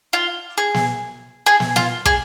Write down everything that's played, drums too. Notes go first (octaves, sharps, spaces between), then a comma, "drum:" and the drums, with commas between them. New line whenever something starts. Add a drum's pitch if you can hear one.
F4
G#4
drum: snare
G#4
drum: snare
F4, drum: snare
G#4, drum: kick